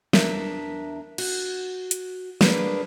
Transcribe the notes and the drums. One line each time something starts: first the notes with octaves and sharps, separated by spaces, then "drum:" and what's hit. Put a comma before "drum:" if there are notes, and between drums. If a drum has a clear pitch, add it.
E2 D4 A#4 E5, drum: snare
F#4, drum: cymbal
drum: hi-hat
A#3 D4 G#4 B4 D5, drum: snare